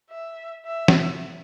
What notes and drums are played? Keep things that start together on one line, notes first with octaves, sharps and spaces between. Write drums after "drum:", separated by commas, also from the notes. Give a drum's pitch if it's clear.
E5
E5
drum: snare